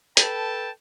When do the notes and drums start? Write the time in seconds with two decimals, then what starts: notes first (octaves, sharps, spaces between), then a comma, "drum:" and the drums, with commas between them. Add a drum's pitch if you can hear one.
0.17 A4 B4 G5 A5, drum: hi-hat